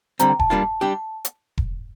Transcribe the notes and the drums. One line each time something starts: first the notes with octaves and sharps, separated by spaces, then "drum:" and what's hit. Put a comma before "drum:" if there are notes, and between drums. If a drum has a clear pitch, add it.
D3 G3 C4 A#5, drum: hi-hat
G5
A5, drum: kick E1
G3 A#3 D4 F4
G3 D4 G4
drum: hi-hat
drum: kick E1